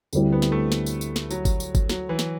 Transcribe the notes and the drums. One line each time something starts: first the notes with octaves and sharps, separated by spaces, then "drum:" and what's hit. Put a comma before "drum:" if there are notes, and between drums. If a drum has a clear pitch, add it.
D2 D3 G3 C4 E4, drum: tambourine
B3
drum: snare
A3
drum: snare
drum: tambourine
drum: tambourine
drum: snare
F#3, drum: tambourine
drum: kick G1, tambourine
drum: tambourine
drum: kick G1, tambourine
F#3, drum: snare
E3
drum: snare